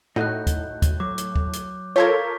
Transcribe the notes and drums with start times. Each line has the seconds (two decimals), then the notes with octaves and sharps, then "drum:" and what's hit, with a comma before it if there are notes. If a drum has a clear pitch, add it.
0.16 A2 D#4 F#4 D#5 F#6 G6
0.47 drum: kick, hi-hat
0.82 drum: kick, hi-hat
1.00 F#3 D6
1.18 drum: hi-hat
1.36 drum: kick
1.53 drum: hi-hat
1.96 F4 A4 A#4 C#5 C#6 G6 G#6 B6